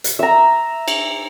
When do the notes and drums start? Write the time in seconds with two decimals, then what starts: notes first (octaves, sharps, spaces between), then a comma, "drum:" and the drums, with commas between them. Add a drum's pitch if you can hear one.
0.04 drum: hi-hat
0.19 E5 A#5
0.88 drum: cymbal